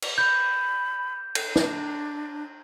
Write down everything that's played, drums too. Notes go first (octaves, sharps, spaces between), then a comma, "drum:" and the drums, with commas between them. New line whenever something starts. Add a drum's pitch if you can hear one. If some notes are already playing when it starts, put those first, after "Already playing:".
drum: cymbal
B5 G6
drum: cymbal
D4, drum: snare